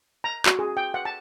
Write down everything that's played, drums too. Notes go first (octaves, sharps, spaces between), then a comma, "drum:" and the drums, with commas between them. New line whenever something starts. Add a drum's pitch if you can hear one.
A#5
F#4, drum: clap
G#4
G5
F#5
A5